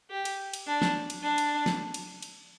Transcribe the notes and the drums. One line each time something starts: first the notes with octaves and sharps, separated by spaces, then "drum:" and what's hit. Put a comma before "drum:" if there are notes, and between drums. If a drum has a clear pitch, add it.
G4
drum: cymbal
drum: cymbal
D4
drum: snare
drum: cymbal
D4
drum: cymbal
drum: snare
drum: cymbal
drum: cymbal